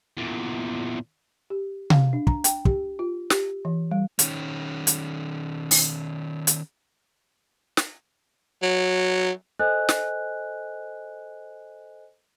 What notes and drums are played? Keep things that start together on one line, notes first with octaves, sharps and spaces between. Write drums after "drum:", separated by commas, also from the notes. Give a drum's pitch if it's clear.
E2 A#2
G4
F5, drum: tom C3
D4
A#5, drum: kick
G5, drum: hi-hat
G4, drum: kick
F4
G4, drum: snare
E3
G3
D#3 C#4, drum: hi-hat
drum: hi-hat
drum: open hi-hat
drum: hi-hat
drum: snare
F#3
A4 C5 D#5 G#5 F#6
drum: snare